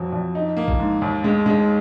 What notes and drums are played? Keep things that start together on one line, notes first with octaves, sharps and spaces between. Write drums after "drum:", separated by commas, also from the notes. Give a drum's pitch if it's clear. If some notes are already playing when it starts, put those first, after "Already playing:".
Already playing: F2 F#3 C4
F2
D#4
A#3
drum: kick
G#2
D#2
G#3
G#3